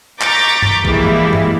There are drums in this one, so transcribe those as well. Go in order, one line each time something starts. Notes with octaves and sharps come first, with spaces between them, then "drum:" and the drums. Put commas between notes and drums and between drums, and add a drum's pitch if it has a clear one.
A#5 C#6 D6 G6 A6 B6, drum: clap
drum: tom G2
E3 F3 G3 G#3 A#3 E4, drum: kick A#1
drum: tom G2